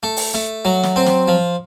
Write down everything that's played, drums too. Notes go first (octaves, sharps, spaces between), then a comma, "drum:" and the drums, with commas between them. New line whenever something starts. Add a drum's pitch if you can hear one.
A3
drum: open hi-hat
A3
F#3
drum: snare
C4
drum: snare
F3